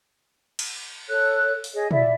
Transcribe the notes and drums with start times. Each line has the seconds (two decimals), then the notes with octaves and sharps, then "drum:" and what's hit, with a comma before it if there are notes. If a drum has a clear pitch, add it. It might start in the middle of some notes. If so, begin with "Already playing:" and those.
0.59 drum: cymbal
1.08 A4 C#5 F#6
1.64 drum: open hi-hat
1.73 G#4 C#5 D#5
1.91 E4 D5 E5, drum: tom